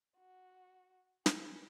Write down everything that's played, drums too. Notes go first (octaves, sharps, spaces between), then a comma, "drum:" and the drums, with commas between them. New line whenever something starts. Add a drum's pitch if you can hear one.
F#4
G#4, drum: snare